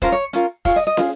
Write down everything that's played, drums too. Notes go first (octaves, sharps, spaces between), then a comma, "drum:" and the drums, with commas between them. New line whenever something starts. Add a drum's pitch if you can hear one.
C#4 F4 A#4 C5, drum: kick E1, hi-hat
C#5
C#4 F4 A#4, drum: hi-hat
F4 G#4 C#5, drum: kick E1, open hi-hat
D#5
D#5
F4 G#4, drum: snare